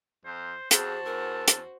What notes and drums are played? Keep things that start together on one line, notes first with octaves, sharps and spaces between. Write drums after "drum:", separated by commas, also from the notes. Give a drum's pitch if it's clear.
F2 C5
F2 F#4 G#4 C5 A5, drum: hi-hat
E2 A#4
drum: hi-hat